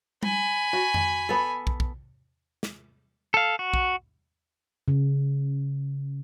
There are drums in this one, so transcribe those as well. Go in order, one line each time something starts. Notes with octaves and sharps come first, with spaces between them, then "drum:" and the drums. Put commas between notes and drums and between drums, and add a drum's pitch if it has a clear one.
G#5 B5, drum: tom G3
F#4
drum: tom F2
B3 A4
drum: kick
drum: kick
drum: snare
A4 F5
F#4
drum: kick
C#3